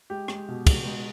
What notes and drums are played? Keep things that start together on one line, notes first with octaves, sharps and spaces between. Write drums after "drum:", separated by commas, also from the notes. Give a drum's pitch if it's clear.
G#3 G4
G#3, drum: rim click
B2
B2, drum: kick, cymbal
G#3